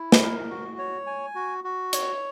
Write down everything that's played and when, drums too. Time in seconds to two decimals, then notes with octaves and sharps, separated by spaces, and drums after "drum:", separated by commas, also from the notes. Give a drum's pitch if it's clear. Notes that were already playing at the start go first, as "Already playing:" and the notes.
Already playing: E4
0.12 drum: snare
0.22 A#4
0.50 F#4
0.78 C#5
1.06 G#5
1.35 F#4
1.64 F#4
1.93 C#5, drum: hi-hat